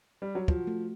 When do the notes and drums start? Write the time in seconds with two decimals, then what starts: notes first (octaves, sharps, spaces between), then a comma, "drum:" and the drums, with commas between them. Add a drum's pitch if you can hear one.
0.22 G3
0.35 F#3
0.48 F3 F#4, drum: kick
0.67 A3